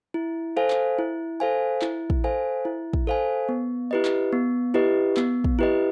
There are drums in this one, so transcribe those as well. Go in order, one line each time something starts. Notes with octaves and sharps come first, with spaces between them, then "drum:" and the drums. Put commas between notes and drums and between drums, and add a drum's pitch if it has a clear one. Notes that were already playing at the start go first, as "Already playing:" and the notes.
E4
A4 C5 F5 G#5
drum: clap
E4
A4 C5 F5 G#5
E4, drum: clap
drum: kick
A4 C5 F5 G#5
E4
drum: kick
A4 C5 F5 G#5
B3
E4 G4 B4 D#5
drum: clap
B3
E4 G4 B4 D#5
B3, drum: clap
drum: kick
E4 G4 B4 D#5